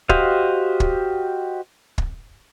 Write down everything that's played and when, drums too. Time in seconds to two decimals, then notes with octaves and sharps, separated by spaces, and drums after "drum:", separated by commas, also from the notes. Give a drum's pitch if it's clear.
0.09 F#4 G4 C5 D#5 F5, drum: kick
0.80 drum: kick
1.98 drum: kick